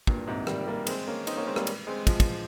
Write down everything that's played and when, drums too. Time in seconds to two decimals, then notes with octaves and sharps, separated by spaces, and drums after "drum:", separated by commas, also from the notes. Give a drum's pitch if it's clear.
0.07 G2 A#2, drum: kick
0.27 G#2 C3
0.47 D#3 G3, drum: rim click
0.67 G3 A#3
0.87 G#3 C4, drum: cymbal
1.07 A#3 C#4
1.27 C4 D#4, drum: cymbal
1.37 A#3 C#4
1.46 G#3 C4
1.56 G3 A#3, drum: rim click
1.67 drum: cymbal
1.87 G#3 C4
2.07 F3 G#3, drum: kick, cymbal
2.20 drum: kick, cymbal